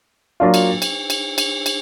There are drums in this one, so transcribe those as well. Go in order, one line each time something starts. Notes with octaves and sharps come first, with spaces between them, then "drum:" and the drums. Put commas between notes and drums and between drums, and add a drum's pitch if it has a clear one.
F#3 A#3 D4 F4
drum: cymbal
drum: cymbal
drum: cymbal
drum: cymbal
drum: cymbal